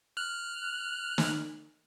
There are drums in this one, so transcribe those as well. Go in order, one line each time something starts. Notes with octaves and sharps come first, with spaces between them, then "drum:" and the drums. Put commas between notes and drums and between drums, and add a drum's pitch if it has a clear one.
F6 F#6
drum: snare